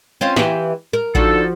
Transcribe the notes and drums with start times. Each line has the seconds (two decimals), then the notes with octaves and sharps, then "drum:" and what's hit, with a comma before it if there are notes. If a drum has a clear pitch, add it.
0.21 C4 C#4 F4
0.36 E3 G4, drum: snare
0.93 A#4
1.15 D3 F3 D#4 F#4 A4, drum: kick A1